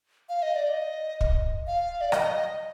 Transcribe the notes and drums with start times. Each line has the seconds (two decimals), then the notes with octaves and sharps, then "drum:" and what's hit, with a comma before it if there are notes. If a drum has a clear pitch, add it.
0.29 F5
0.42 D#5
0.56 D5
0.69 D#5
1.21 drum: kick
1.67 F5
2.01 D5
2.12 D#5, drum: rim click